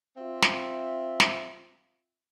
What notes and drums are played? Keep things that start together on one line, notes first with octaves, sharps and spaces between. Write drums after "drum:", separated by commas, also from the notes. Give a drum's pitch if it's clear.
C4 F4 E5
drum: snare
drum: snare